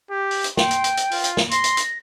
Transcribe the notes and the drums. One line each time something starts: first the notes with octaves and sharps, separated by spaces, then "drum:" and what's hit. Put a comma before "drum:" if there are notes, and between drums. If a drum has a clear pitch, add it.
G4
drum: open hi-hat
drum: hi-hat
G5 C6, drum: snare
drum: hi-hat
drum: hi-hat
drum: hi-hat
F4, drum: open hi-hat
drum: hi-hat
drum: snare
C6 A#6, drum: hi-hat
drum: hi-hat
drum: hi-hat